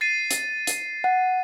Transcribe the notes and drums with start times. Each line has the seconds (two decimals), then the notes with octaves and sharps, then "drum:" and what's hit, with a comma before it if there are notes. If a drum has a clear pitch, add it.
0.01 A6 C7 D#7
0.31 drum: hi-hat
0.67 drum: hi-hat
1.04 F#5